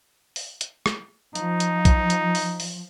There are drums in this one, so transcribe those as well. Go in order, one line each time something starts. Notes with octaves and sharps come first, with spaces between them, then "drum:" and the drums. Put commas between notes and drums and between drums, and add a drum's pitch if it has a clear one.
drum: open hi-hat
drum: hi-hat
drum: rim click
F3 D#4, drum: hi-hat
drum: hi-hat
drum: kick, hi-hat
drum: hi-hat
drum: open hi-hat
drum: open hi-hat